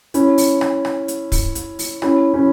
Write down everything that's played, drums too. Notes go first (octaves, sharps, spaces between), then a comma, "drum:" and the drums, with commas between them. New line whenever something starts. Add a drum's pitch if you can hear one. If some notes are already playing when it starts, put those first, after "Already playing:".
C#4 E4, drum: hi-hat
drum: open hi-hat
drum: rim click
drum: rim click
drum: hi-hat
drum: kick, open hi-hat
drum: hi-hat
drum: open hi-hat
C#4 E4, drum: rim click
C#4 E4